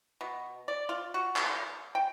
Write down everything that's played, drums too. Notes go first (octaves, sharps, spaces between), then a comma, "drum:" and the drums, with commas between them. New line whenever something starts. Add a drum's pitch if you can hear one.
B2
D5
F4
F#4
drum: clap
C6
G5